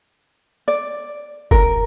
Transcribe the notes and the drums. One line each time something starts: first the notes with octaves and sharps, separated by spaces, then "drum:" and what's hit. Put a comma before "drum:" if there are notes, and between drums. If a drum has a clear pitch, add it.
D5
A#4, drum: kick